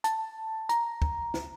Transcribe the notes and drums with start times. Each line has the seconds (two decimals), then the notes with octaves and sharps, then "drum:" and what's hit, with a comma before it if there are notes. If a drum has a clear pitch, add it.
0.04 A5, drum: hi-hat
0.69 A#5, drum: hi-hat
1.02 drum: kick
1.34 drum: snare